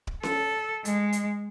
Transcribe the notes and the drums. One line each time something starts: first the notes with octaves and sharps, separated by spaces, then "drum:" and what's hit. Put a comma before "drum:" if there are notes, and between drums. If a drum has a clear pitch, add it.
drum: kick D1
A4, drum: snare C#4
G#3, drum: hi-hat
drum: hi-hat